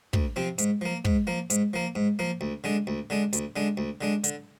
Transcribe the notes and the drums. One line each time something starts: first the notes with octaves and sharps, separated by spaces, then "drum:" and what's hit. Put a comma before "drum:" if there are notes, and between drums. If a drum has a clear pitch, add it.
D2, drum: kick
C3 F3 C4
G#2, drum: hi-hat
F3 A#3
G#2, drum: kick
F3 A#3
G#2, drum: hi-hat
F3 A#3
G#2
F3 A#3
D2
D3 G#3 D4
D2
D3 G#3 D4
D2, drum: hi-hat
D3 G#3 D4
D2
D3 G#3 D4
D3, drum: hi-hat